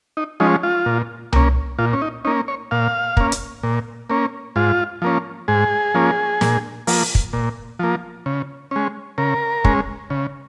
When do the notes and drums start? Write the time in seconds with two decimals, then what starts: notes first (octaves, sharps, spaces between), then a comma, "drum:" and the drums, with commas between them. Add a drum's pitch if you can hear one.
0.17 D#4
0.40 F3 G#3 C#4 D#4
0.63 F4
0.86 A#2
1.33 A#3 C#4, drum: tom C2
1.79 A#2 F4
1.93 C#4
2.02 D#4
2.25 A#3 C#4 D#4
2.48 C#5
2.71 A#2 F5
3.17 A#3 C#4, drum: kick
3.32 drum: hi-hat
3.63 A#2
4.10 A#3 C#4
4.56 G#2 F4
5.02 F3 A#3 C#4
5.48 G#2 G#4
5.95 F3 A#3 C#4
6.41 A#2, drum: snare
6.87 F3 A#3, drum: open hi-hat
7.15 drum: kick
7.33 A#2
7.79 F3 A#3
8.26 C#3
8.71 G#3 C#4
9.18 C#3 A#4
9.64 G#3 C#4, drum: kick
10.10 C#3